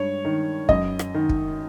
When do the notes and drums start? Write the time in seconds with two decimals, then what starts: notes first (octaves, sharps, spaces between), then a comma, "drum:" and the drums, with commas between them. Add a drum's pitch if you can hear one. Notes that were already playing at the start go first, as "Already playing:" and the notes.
Already playing: G2 C#5
0.25 D#3
0.69 F#2 D#5, drum: kick
0.99 drum: rim click
1.14 D#3
1.29 drum: kick